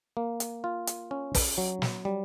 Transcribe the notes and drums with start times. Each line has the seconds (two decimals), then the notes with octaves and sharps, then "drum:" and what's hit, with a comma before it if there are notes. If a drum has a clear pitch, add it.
0.17 A#3
0.40 drum: hi-hat
0.64 F4
0.87 drum: hi-hat
1.11 C#4
1.35 drum: kick, open hi-hat
1.58 F#3
1.82 drum: snare
2.05 G3